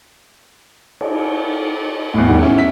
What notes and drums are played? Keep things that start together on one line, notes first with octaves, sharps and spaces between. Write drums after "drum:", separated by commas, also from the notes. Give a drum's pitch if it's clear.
drum: cymbal
E2 A2
E1 E2 D#3 G3 F#5
C#4 E4
E5 B6